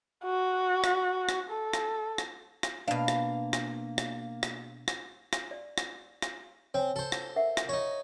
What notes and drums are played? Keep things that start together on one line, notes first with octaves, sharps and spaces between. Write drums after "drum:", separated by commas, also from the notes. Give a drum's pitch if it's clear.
F#4
drum: rim click
drum: rim click
A4
drum: rim click
drum: rim click
drum: rim click
B2 A#3 D4 F5
drum: rim click
drum: rim click
drum: rim click
drum: rim click
drum: rim click
drum: rim click
D5
drum: rim click
drum: rim click
C4 C#5 G#5
A4 C5
drum: rim click
A#4 E5 F#5
drum: rim click
D#4 C#5